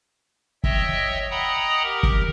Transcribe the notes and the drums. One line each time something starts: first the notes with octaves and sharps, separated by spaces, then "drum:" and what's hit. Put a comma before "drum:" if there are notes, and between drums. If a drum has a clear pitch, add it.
C#5 D#5 E5 G5 E6, drum: kick
D#5 F#5 G5 A#5 B5 D#6
G4 A#4
drum: kick